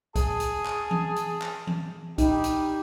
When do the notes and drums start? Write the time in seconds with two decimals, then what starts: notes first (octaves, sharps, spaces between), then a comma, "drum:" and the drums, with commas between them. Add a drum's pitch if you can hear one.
0.16 G#4 A5, drum: kick B1, hi-hat
0.40 drum: hi-hat
0.65 drum: clap
0.91 drum: tom E3
1.16 drum: hi-hat
1.42 drum: clap
1.67 drum: tom E3
2.18 G3 D#4 G4, drum: kick B1, hi-hat
2.44 drum: hi-hat